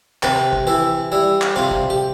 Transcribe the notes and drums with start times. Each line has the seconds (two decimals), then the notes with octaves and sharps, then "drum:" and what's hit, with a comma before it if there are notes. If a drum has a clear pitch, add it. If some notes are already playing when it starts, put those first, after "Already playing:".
0.23 C3 G4 B4, drum: clap
0.53 drum: kick
0.67 E3 E4 G4
1.12 G3 E4
1.41 drum: clap
1.56 C3 F4
1.71 drum: kick
1.90 G4